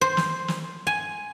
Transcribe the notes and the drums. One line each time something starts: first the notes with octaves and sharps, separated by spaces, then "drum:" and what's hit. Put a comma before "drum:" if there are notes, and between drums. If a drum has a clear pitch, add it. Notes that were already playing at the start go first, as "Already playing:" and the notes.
C5
drum: snare
drum: snare
G#5